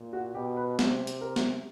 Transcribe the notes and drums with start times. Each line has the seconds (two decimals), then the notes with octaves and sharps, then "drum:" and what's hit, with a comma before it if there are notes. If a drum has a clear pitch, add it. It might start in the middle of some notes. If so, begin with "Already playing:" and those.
Already playing: A#2
0.13 F#4
0.35 B2 G4
0.57 B4
0.79 C3, drum: snare
1.07 drum: hi-hat
1.21 A#4
1.36 drum: snare